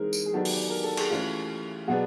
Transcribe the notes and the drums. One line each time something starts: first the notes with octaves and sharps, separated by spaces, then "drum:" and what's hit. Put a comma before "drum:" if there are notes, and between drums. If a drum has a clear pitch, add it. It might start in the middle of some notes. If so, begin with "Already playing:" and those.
Already playing: E3 G#3 C4 D#4 G#4 A#4
drum: tambourine
G#4
D#3 F#3 B3 D4 G4 A4
drum: open hi-hat
A#4
A4
G#4, drum: cymbal
E3 A3 C#4 F4 G4
B2 F#3 B3 D4 F#4 G#4